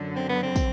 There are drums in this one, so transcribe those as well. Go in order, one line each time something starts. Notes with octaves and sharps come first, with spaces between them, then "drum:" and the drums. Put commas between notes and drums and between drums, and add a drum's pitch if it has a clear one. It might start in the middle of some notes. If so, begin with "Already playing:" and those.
Already playing: F#2 D3 F#3
C4
B3
C4
drum: kick, tambourine